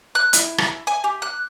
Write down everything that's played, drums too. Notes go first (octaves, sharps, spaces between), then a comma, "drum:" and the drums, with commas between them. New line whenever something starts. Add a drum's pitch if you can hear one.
F#6
E4, drum: hi-hat
drum: rim click
G#5
G4
F#6